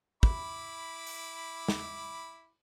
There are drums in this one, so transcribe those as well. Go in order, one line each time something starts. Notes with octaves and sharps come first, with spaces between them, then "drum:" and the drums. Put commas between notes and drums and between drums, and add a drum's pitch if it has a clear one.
E4 B5 D6, drum: kick
drum: open hi-hat
drum: snare